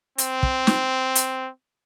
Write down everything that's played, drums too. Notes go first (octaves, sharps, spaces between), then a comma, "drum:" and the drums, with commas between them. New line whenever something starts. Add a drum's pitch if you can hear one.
C4, drum: hi-hat
drum: kick
drum: snare
drum: hi-hat